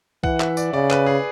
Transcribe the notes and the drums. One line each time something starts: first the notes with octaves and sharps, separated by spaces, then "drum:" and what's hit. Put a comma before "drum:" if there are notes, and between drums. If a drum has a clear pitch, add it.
E3 F#5, drum: kick B1
E5, drum: clap
D5, drum: tambourine
C#3 D5
B4, drum: clap
G#4